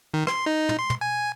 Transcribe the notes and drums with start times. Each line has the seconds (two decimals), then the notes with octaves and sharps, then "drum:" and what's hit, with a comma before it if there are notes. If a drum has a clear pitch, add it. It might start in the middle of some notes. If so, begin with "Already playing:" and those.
0.14 D#3
0.27 C6, drum: rim click
0.46 D#4
0.69 drum: tom
0.79 C6
0.90 drum: tom
1.01 G#5